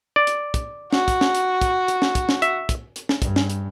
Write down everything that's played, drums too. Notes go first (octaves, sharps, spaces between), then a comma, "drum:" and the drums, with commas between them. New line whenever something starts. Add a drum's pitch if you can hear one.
D5
drum: hi-hat
drum: kick, hi-hat
F#4, drum: snare
drum: kick, hi-hat
drum: snare
drum: hi-hat
drum: kick, hi-hat
drum: hi-hat
drum: snare
drum: kick, hi-hat
drum: snare
E5, drum: hi-hat
drum: kick, hi-hat
drum: hi-hat
drum: snare
G2, drum: kick, hi-hat
drum: snare
drum: hi-hat